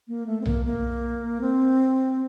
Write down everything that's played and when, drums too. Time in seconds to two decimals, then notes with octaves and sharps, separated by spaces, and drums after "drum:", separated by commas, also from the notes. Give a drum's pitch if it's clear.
0.08 A#3
0.26 A3
0.41 C4
0.46 A#3, drum: tom B1
0.65 A#3
1.41 C4